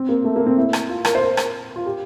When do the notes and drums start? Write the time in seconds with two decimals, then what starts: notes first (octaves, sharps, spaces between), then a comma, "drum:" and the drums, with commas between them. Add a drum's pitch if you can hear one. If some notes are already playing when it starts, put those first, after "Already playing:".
Already playing: C4
0.09 A#3
0.24 A3
0.36 A#3
0.46 C4
0.57 E4
0.73 drum: rim click
0.89 F4
1.05 A#4, drum: rim click
1.15 C5
1.22 A#4
1.37 drum: rim click
1.76 F4
1.86 G4